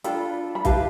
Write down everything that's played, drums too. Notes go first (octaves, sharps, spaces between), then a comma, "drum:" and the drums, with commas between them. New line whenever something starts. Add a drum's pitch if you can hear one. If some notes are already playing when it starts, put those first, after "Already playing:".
D4 F4 A4 G5 B5, drum: hi-hat
B5
E4 G4 B4 F5 A5, drum: kick C2, hi-hat